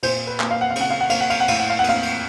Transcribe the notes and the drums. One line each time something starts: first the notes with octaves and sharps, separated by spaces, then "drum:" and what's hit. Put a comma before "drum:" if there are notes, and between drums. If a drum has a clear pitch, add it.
A#2 C5, drum: cymbal
B4
A#3, drum: clap
F5
F#5
F5
C#3, drum: cymbal
F#5
F5
F#5
A#3 F5, drum: cymbal
F#5
F5, drum: cymbal
F#5
A2 F5, drum: cymbal
F#5
F5
F#5
A#3, drum: cymbal
F5
drum: cymbal